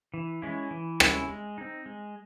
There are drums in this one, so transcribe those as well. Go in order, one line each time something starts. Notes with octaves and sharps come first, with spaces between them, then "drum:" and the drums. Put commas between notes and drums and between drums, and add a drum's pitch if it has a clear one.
E3
G#3 C#4 E4
E3
G#3 C#4 E4, drum: rim click
G#3
C4 D#4
G#3